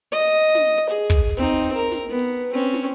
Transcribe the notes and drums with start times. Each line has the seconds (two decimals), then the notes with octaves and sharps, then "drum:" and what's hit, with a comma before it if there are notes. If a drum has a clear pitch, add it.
0.12 D#5
0.55 drum: snare
0.89 G#4
1.10 drum: kick, hi-hat
1.37 C4 D#4, drum: hi-hat
1.64 drum: hi-hat
1.75 A#4
1.92 drum: snare
2.09 B3
2.19 drum: hi-hat
2.53 C4 C#4
2.74 drum: snare